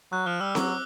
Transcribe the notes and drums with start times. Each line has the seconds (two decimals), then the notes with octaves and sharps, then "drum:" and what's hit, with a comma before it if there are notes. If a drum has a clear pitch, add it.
0.12 F#3 F#6
0.26 F3 F6
0.40 G3 E6
0.55 F#3 D6, drum: snare C4